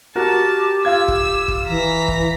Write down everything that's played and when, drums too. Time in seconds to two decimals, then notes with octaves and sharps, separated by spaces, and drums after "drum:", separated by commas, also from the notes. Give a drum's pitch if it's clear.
0.16 F#4 G4 A#4 A5
0.85 F4 F5 E6 G#6
1.08 drum: kick
1.48 drum: kick
1.68 E3 A#5 B6
2.08 drum: kick